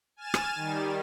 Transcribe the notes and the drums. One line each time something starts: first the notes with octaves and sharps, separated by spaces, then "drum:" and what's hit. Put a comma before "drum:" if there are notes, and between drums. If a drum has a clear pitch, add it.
G#5 F6 A6 D#7 E7
drum: rim click
D#3 G3